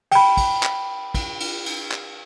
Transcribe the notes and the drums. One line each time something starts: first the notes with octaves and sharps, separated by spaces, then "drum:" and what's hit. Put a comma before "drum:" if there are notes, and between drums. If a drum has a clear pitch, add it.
G5 B5, drum: cymbal
drum: kick, cymbal
drum: clap
drum: kick, cymbal
drum: cymbal
drum: cymbal
drum: clap